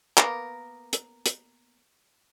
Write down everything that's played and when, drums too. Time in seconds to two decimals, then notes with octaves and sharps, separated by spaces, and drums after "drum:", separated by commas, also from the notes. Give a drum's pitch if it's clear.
0.18 A#3 B3 A#4, drum: clap
0.93 drum: hi-hat
1.26 drum: hi-hat